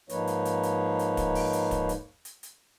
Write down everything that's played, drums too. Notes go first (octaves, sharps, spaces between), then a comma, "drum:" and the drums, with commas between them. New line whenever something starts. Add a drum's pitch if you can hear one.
G#2 F3 A#3 D#4 B4 C#5, drum: hi-hat
drum: hi-hat
drum: hi-hat
drum: hi-hat
drum: hi-hat
drum: kick, hi-hat
drum: open hi-hat
drum: hi-hat
drum: kick, hi-hat
drum: hi-hat
drum: hi-hat
drum: hi-hat